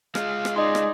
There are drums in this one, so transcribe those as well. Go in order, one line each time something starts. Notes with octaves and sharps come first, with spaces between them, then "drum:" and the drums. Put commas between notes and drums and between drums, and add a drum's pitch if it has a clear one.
G#3 F4 F5, drum: rim click
drum: rim click
D#4 G#4 D5 D#5 C6
drum: rim click